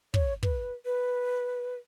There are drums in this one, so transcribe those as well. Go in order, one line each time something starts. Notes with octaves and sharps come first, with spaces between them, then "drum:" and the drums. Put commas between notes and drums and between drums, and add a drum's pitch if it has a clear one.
C#5, drum: kick
B4, drum: kick
B4